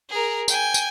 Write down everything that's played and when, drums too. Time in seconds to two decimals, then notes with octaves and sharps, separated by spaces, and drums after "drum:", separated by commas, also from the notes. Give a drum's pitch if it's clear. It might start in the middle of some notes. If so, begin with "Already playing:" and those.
0.10 G#4 A#4
0.48 G5 G#5, drum: tambourine
0.74 drum: tambourine